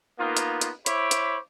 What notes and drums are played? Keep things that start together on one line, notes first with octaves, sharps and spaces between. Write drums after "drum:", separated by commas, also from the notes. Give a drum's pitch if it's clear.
A#3 B3 D#4 F4
drum: hi-hat
drum: hi-hat
E4 C5 C#5 B5 D6, drum: hi-hat
drum: hi-hat